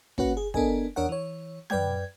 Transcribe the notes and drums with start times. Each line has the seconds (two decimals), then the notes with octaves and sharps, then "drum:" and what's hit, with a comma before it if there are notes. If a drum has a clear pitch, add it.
0.18 A#3 C#4 F#4 B4 F#5, drum: kick
0.37 G#4
0.54 B3 D4 A4 A#4 D#5 G#5, drum: kick
0.96 E2 D4 A#4 C#5 F#5
1.09 E3 C#5
1.70 F#2 B4 D5 G5 G#6, drum: tom